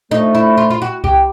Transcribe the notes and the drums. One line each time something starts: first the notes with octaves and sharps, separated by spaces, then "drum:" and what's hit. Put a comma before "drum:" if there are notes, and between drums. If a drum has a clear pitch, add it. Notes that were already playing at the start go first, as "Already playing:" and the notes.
D3 F3 A3 D#4
E4
F4
F4
F#4
G4, drum: kick C2